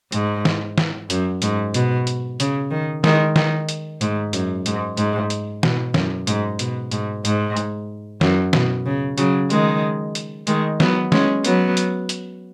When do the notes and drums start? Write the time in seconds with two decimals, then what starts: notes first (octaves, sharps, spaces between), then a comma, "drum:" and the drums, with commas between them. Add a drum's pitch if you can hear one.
0.12 G#2, drum: hi-hat
0.45 drum: snare
0.78 drum: snare
1.10 F#2, drum: hi-hat
1.42 G#2, drum: hi-hat
1.74 B2, drum: hi-hat
2.07 drum: hi-hat
2.40 C#3, drum: hi-hat
2.71 D#3
3.04 D#3 G#3, drum: snare
3.36 D#3, drum: snare
3.69 drum: hi-hat
4.01 G#2, drum: hi-hat
4.33 F#2, drum: hi-hat
4.66 G#2, drum: hi-hat
4.97 G#2, drum: hi-hat
5.30 drum: hi-hat
5.63 B2, drum: snare
5.94 F#2, drum: snare
6.27 G#2, drum: hi-hat
6.59 B2, drum: hi-hat
6.91 G#2, drum: hi-hat
7.25 G#2, drum: hi-hat
7.57 drum: hi-hat
8.21 F#2, drum: snare
8.53 B2, drum: snare
8.86 C#3
9.18 C#3 F#3, drum: hi-hat
9.50 D#3 G#3, drum: hi-hat
10.15 drum: hi-hat
10.47 D#3 G#3, drum: hi-hat
10.80 F#3 B3, drum: snare
11.12 G#3 C#4, drum: snare
11.45 F#3 B3, drum: hi-hat
11.77 drum: hi-hat
12.09 drum: hi-hat